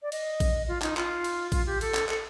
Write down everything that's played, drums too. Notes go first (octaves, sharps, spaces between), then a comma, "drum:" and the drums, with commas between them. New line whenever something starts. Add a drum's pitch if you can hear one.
D5
D#5, drum: cymbal
drum: kick A1, cymbal
F4
D#4, drum: clap
F4, drum: clap
drum: cymbal
F4, drum: kick A1, cymbal
G4
A4, drum: cymbal
drum: clap
A4, drum: clap